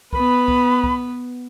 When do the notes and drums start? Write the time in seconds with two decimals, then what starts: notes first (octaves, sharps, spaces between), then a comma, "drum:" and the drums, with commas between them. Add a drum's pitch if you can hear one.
0.13 B3 B4 B5, drum: kick C2
0.48 drum: kick C2
0.84 drum: kick C2